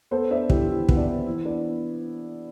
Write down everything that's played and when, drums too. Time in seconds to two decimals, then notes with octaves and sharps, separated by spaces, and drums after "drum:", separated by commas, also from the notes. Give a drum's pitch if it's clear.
0.11 B3 A4 C5
0.30 D4 C5 E5
0.50 E3 E4 G4, drum: kick
0.69 E3 E4
0.89 B3, drum: kick
0.97 D4
1.08 D4
1.26 E3 E4
1.45 B3 D4